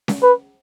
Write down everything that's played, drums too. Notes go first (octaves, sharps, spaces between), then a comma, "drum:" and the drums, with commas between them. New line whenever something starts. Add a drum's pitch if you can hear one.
drum: snare C#4
B4